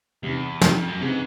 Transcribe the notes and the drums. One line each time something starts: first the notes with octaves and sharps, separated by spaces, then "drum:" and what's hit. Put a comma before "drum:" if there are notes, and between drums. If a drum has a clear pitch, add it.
E2 C3 D#3 G3
F2 C3 D#3 G3, drum: snare
F2
F#2
G#2 C#3 E3 G3 C4